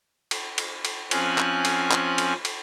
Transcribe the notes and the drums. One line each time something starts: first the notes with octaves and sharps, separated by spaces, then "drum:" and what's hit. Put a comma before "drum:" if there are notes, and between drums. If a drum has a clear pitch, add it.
drum: cymbal
drum: cymbal
drum: cymbal
F3 C4 C#4 G#5 F#6, drum: cymbal
drum: clap
drum: cymbal
drum: clap
drum: cymbal
drum: cymbal